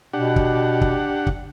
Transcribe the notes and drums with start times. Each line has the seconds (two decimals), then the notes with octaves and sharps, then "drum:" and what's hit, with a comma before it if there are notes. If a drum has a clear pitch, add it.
0.14 B2 D4 G4 F#5
0.36 drum: kick
0.81 drum: kick
1.27 drum: kick